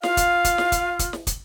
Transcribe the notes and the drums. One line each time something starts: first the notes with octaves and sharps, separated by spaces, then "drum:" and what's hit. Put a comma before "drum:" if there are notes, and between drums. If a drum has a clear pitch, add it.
F4 F5, drum: snare
drum: kick, hi-hat
drum: kick, hi-hat
drum: snare
drum: kick, hi-hat
drum: kick, hi-hat
drum: snare
drum: kick, hi-hat